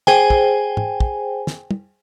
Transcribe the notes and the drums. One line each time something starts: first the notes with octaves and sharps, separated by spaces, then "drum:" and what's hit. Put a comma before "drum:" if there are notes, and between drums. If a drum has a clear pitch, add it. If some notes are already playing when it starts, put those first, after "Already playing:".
G#4 C5 G5 G#5, drum: snare
drum: kick
drum: tom
drum: kick
drum: snare
drum: tom